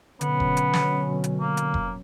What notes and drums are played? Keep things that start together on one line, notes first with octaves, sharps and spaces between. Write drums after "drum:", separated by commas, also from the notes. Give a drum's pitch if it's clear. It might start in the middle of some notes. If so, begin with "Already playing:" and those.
B2 D3 F#3 B3 C#4, drum: hi-hat
drum: kick F1
drum: hi-hat
drum: snare
drum: hi-hat
A#3
drum: hi-hat
drum: kick F1